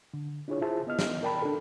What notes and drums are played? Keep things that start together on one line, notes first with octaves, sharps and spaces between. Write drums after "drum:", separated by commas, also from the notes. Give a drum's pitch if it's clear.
D3
D4 E4 F4 G#4 C#5
E4 F4 G#4 C5 E5 A5
B3 D#5 F6
drum: snare
A#4 D5 G5 A5 B5
D4 A4